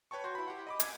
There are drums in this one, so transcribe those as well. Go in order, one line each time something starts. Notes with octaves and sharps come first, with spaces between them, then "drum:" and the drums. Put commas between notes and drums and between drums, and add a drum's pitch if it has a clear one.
B4 C#5 G5 A5 C#6
F#4 C6 G6
E4 B5
G4 F#5
D#5 B5 D6
G#6, drum: hi-hat